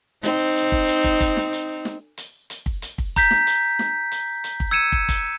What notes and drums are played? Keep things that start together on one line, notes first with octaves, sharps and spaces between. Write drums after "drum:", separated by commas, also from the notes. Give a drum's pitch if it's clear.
C4 D#4, drum: hi-hat
drum: hi-hat
drum: kick
drum: hi-hat
drum: kick
drum: kick, hi-hat
drum: snare
drum: hi-hat
drum: snare
drum: hi-hat
drum: hi-hat
drum: kick
drum: hi-hat
drum: kick
A#5 G6 B6, drum: kick, hi-hat
drum: snare
drum: hi-hat
drum: snare
drum: hi-hat
drum: hi-hat
drum: kick
E6 G#6 C#7 D#7 E7
drum: kick
drum: kick, hi-hat